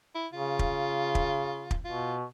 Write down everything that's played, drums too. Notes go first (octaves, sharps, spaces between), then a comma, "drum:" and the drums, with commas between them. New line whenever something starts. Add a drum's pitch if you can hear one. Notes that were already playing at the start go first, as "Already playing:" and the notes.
E4
C#3 F4
drum: kick
drum: kick
drum: kick
B2 F4